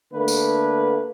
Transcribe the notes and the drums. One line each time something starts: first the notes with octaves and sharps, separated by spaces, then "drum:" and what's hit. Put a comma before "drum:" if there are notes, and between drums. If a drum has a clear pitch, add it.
D3 A3 A#3 B4
drum: tambourine